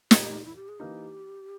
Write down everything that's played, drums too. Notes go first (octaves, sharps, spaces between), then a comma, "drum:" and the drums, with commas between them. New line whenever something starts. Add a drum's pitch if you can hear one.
A#2 A#3 D#4 G4, drum: snare
E4
G4
G#4
E3 A#3 D#4 G4